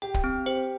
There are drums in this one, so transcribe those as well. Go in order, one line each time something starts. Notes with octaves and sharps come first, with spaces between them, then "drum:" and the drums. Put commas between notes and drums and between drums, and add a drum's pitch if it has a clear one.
G4 G5
drum: kick
C4
G4 C5